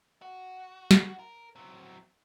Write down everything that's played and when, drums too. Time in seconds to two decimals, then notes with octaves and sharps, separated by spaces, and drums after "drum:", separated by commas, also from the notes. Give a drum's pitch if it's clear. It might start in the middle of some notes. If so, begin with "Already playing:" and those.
0.22 F#4
0.91 drum: snare
1.19 A#4
1.56 F#3 C4